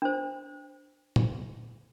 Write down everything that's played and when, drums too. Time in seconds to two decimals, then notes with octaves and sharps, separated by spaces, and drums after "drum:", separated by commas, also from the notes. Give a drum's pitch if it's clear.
0.02 D4 C5
1.16 drum: tom A#2